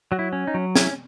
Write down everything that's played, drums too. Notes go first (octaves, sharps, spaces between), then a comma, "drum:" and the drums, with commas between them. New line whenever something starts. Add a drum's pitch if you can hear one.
F#3 F#4
E4
C#4
D#4
F#3
C#4 E4, drum: snare